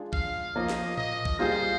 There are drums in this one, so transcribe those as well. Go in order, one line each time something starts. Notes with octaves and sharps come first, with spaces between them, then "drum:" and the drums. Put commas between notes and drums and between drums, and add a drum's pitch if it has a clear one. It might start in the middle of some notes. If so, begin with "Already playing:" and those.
Already playing: G#3 D4 F4 G#4
F5, drum: kick B1
F3 A#3 F4 D#5
drum: snare
D#5, drum: tom A2
drum: kick B1
G3 A#3 F4 G#4 C5